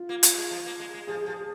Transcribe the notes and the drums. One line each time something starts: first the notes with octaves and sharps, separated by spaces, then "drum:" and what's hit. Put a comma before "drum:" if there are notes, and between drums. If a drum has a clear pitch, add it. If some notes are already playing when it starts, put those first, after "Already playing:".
Already playing: F4
A#3
G#3, drum: hi-hat
G#3
F3
A#3
G#3
G#3
F3 G#4
F3 G#4